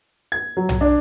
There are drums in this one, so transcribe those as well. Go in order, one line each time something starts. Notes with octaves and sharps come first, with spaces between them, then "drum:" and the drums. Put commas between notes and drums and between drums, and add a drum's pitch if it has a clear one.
G#6
F#3
drum: tom B1
D4